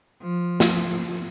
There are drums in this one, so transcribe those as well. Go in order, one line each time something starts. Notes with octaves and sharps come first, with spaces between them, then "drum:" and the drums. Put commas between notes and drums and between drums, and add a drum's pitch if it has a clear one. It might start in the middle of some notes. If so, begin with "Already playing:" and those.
F3
drum: snare